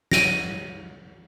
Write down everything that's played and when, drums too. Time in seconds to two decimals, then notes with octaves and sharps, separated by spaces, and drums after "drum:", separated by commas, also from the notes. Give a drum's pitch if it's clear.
0.12 A#6 D7 D#7, drum: snare